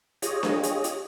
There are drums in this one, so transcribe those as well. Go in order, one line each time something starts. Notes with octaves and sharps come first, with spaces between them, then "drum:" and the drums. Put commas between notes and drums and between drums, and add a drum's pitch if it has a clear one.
F4 G4 G#4 C#5 D#5, drum: hi-hat
drum: snare D4
drum: hi-hat
drum: hi-hat